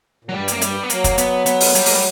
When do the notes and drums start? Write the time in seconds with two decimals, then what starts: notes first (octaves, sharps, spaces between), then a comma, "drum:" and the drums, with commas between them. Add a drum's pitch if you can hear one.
0.25 A#2
0.29 F#3
0.33 G2 G3
0.48 F#2 A#3, drum: hi-hat
0.61 G2 G3, drum: hi-hat
0.83 B3
0.90 F#3 A#3, drum: hi-hat
1.04 drum: kick, hi-hat
1.18 B3, drum: hi-hat
1.46 B3, drum: hi-hat
1.60 drum: open hi-hat
1.75 G3, drum: hi-hat
1.86 A#3, drum: open hi-hat
1.94 G3